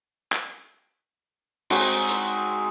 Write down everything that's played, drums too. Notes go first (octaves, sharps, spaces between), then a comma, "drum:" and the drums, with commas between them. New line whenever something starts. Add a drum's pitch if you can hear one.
drum: clap
G#3 C4 D#4 F#4, drum: cymbal
drum: hi-hat